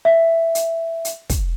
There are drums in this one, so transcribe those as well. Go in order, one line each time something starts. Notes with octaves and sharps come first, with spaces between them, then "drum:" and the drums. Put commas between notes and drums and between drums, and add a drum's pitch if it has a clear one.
E5
drum: hi-hat
drum: hi-hat
drum: kick, hi-hat